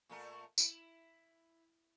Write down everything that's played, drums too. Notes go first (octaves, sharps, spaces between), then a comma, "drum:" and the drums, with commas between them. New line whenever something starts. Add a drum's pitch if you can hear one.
A#2 A3 A#4
E4, drum: tambourine